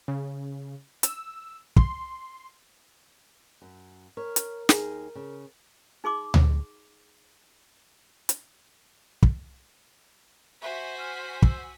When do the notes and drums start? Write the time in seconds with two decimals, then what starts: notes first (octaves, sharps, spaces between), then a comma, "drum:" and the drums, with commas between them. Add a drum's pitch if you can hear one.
0.08 C#3
1.03 E6, drum: hi-hat
1.76 C6, drum: kick
3.62 F#2
4.17 A#4 C#5
4.36 drum: hi-hat
4.69 D#2 D#4 G#4, drum: snare
5.15 C#3
6.04 D#4 G#4 C6 D6
6.34 drum: tom D2
8.29 drum: hi-hat
9.23 drum: kick
10.62 F#4 C5 E5 G#5 B6
10.98 F6
11.42 E6, drum: kick